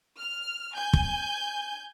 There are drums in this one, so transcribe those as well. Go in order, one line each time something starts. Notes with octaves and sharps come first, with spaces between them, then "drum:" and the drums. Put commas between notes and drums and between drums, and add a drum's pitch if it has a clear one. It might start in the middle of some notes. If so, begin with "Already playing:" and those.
F6
G#5 G6
drum: kick